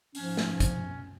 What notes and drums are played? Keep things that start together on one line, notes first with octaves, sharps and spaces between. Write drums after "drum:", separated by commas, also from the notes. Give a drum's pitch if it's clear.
G#2 F3 C#4, drum: open hi-hat
drum: snare
C#4, drum: kick, hi-hat